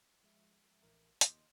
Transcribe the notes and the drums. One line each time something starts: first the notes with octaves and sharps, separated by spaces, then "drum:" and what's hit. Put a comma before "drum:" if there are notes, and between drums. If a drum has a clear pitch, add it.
F3 G#3 E5
A1 A#4
D#2 D#5 C6 D6 D#6 G6, drum: hi-hat